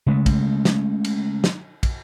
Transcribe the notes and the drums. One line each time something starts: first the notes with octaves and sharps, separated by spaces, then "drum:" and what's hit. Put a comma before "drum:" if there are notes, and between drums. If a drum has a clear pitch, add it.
C#3 G#3 A3
drum: kick, cymbal
drum: snare
drum: cymbal
drum: snare
drum: kick, cymbal